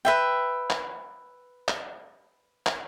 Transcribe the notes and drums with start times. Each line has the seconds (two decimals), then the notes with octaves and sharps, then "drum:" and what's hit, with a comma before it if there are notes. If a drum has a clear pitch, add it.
0.05 B4 E5 G5
0.70 drum: clap
1.68 drum: clap
2.66 drum: clap